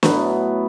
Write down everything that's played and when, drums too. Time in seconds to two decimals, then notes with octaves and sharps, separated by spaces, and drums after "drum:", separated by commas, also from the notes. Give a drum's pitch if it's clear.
0.03 A2 F#3 B3, drum: snare